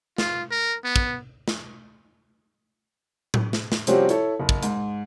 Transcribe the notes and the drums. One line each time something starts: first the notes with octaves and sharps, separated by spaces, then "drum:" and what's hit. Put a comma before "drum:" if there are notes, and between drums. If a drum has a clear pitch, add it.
F4, drum: snare
A#4
B3
drum: kick
drum: snare
drum: tom A2
drum: snare
drum: snare
C3 F3 G3 C4 C#4 F#4, drum: hi-hat
E4 A4 C#5, drum: hi-hat
F#1
drum: kick
G#2, drum: hi-hat